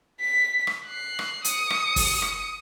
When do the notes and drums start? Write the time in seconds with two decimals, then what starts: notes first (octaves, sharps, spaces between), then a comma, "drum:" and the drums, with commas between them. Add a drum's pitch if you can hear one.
0.21 B6
0.67 drum: rim click
0.87 F#6 C7
1.19 drum: rim click
1.44 D#6 C#7, drum: hi-hat
1.70 drum: rim click
1.96 drum: kick, open hi-hat
2.22 drum: rim click